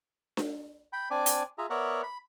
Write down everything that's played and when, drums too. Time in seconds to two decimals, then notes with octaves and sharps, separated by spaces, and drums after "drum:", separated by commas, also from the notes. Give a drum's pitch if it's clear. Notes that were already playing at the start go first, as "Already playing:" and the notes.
0.37 drum: snare D4
0.93 G5 B5
1.11 C4 D4 D5 G#5 D6
1.26 drum: hi-hat
1.58 F4 G#4 E5 A#5
1.70 B3 A#4 C#5 D5 E5 F#5
2.03 B5